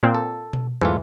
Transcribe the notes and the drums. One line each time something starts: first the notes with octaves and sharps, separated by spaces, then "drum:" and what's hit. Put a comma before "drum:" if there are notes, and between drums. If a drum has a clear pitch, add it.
A#2 C4
A4
drum: tom B2
G#2 E3 A3 F4, drum: tom